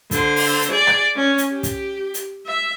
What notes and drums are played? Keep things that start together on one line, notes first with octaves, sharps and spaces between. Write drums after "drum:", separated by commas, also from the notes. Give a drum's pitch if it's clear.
D3 C5, drum: kick, hi-hat
drum: open hi-hat
drum: hi-hat
G#4 D5
drum: rim click
C#4
drum: hi-hat
G4
drum: kick, hi-hat
drum: hi-hat
E5